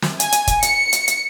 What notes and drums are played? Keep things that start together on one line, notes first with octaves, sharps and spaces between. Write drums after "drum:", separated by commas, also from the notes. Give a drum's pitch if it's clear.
drum: snare
G#5, drum: hi-hat
drum: hi-hat
drum: kick, hi-hat
C#7, drum: hi-hat
drum: hi-hat
drum: hi-hat